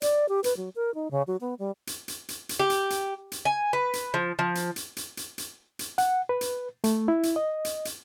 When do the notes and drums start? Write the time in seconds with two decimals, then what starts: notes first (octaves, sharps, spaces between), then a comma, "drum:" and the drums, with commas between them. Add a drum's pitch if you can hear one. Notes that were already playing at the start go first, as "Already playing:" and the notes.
0.02 D5, drum: hi-hat
0.29 G4
0.44 B4, drum: hi-hat
0.57 F#3
0.76 A#4
0.94 D#4
1.11 C#3
1.27 F#3
1.41 B3
1.59 G3
1.87 drum: hi-hat
2.08 drum: hi-hat
2.28 drum: hi-hat
2.49 drum: hi-hat
2.59 G4
2.70 drum: hi-hat
2.90 drum: hi-hat
3.32 drum: hi-hat
3.45 G#5
3.73 B4
3.93 drum: hi-hat
4.14 F3
4.39 F3
4.55 drum: hi-hat
4.76 drum: hi-hat
4.97 drum: hi-hat
5.17 drum: hi-hat
5.38 drum: hi-hat
5.79 drum: hi-hat
5.98 F#5, drum: hi-hat
6.29 B4
6.41 drum: hi-hat
6.84 A3, drum: hi-hat
7.08 E4
7.23 drum: hi-hat
7.36 D#5
7.65 drum: hi-hat
7.85 drum: hi-hat